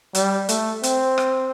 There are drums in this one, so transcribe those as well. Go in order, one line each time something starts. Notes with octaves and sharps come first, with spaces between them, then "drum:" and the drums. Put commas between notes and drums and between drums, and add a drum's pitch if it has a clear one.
G3, drum: hi-hat
A3, drum: hi-hat
C4, drum: hi-hat
drum: rim click